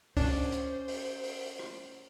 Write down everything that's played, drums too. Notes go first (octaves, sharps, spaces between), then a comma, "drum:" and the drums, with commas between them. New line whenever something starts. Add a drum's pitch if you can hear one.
C#4 D4 C5 D5, drum: kick C#2, open hi-hat
drum: hi-hat
drum: open hi-hat
drum: open hi-hat
drum: rim click